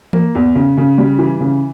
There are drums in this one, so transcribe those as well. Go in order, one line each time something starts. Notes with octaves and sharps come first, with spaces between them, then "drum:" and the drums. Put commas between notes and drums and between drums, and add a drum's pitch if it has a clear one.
A#3, drum: tom E3
E2
C#3
C#3
G3
E3
C#3